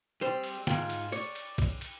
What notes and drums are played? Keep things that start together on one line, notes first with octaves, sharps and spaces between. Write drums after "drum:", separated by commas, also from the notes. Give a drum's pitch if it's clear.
G3 C4 C5
drum: cymbal
G#2 G#3 F4 G5, drum: snare
drum: cymbal
C#5 D5, drum: cymbal
drum: cymbal
drum: kick B1, cymbal
drum: cymbal